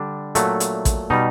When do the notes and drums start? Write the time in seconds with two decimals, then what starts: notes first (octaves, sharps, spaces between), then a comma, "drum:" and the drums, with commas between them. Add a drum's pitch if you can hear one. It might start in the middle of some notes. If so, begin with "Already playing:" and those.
Already playing: D3 G3 D4
0.35 A#2 F#3 A3, drum: hi-hat
0.60 drum: hi-hat
0.85 drum: kick A1, hi-hat
1.10 B2 G3 D#4